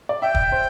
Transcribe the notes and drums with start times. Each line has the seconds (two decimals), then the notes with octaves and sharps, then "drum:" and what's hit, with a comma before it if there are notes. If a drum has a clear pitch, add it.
0.09 D5
0.21 E5 G5
0.35 drum: kick
0.52 C5